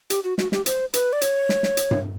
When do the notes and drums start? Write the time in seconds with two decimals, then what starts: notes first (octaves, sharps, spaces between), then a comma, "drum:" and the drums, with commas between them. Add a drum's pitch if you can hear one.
0.10 G4, drum: hi-hat
0.24 F#4
0.38 F#4, drum: snare
0.52 G4, drum: snare
0.66 C5, drum: hi-hat
0.94 B4, drum: hi-hat
1.13 D5
1.21 C#5, drum: hi-hat
1.49 drum: snare
1.63 drum: snare
1.77 drum: hi-hat
1.91 drum: tom G2